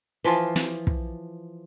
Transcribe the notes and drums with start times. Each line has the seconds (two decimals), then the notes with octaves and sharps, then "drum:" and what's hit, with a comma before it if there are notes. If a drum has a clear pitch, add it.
0.24 E3 F3 F4
0.56 drum: snare
0.87 drum: kick